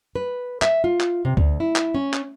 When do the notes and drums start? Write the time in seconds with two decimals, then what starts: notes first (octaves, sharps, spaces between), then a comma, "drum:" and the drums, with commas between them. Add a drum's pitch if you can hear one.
0.16 B4
0.62 E5, drum: clap
0.84 F4
1.00 drum: clap
1.25 C3
1.37 D2, drum: kick D2
1.60 E4
1.76 drum: clap
1.95 C#4
2.13 drum: clap